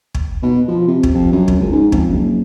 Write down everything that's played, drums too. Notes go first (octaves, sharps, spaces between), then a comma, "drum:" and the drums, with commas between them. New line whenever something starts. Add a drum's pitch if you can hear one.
drum: kick
B2
F3
C3
drum: kick
F2
F#2
drum: kick
C#2
G#2
F2, drum: kick
F#1